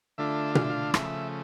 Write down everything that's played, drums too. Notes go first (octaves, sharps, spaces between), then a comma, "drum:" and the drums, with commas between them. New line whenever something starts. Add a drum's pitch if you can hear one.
D3 A3 D4 F4 E5
F5, drum: tom B2
E5
F5
C#3 F3 A3 E5, drum: rim click